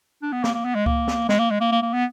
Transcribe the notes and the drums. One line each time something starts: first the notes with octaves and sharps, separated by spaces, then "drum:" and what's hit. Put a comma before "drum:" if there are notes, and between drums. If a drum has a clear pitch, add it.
D4
B3
A#3, drum: snare
A#3
B3
G#3
A#3, drum: kick C#2
drum: snare
G#3, drum: snare
A#3
G#3
A#3
A#3
A#3
B3